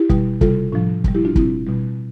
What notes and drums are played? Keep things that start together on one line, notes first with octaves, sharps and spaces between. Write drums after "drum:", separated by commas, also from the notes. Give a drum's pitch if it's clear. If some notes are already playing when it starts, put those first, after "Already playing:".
Already playing: E4 G4
B2 G3, drum: kick
C3 G3 F4 A4, drum: kick
A2 F3 D4 F4
B2 G3, drum: kick
E4 G4
D4 F4
B2 G3 C4 E4, drum: kick
B2 G3